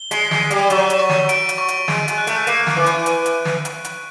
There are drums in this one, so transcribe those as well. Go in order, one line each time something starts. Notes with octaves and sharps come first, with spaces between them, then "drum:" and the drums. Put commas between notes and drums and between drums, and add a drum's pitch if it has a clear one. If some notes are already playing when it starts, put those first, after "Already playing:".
Already playing: G7
G#3 B6, drum: hi-hat
G#3, drum: snare
D#7
G3, drum: hi-hat
F#3 C#6, drum: hi-hat
drum: hi-hat
C#6
drum: snare
D7, drum: hi-hat
drum: hi-hat
C#6
drum: hi-hat
G#3 D#7, drum: snare
G#3, drum: hi-hat
F#6
A3, drum: hi-hat
A#3 D#7, drum: hi-hat
drum: snare
E3 D#7
drum: hi-hat
drum: hi-hat
drum: hi-hat
drum: snare
drum: hi-hat
drum: hi-hat